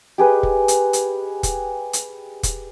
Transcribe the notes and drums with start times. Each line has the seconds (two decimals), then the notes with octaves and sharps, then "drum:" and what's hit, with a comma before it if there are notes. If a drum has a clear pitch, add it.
0.18 G4 G#4 B4 D#5
0.43 drum: kick
0.68 drum: hi-hat
0.93 drum: hi-hat
1.43 drum: kick, hi-hat
1.93 drum: hi-hat
2.43 drum: kick, hi-hat